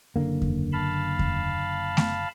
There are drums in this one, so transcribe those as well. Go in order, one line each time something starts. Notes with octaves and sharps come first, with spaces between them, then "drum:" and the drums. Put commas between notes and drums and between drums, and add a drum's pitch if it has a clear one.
F#1 D3 A#3
drum: kick E2
F5 A5 B5
drum: kick E2
drum: snare A3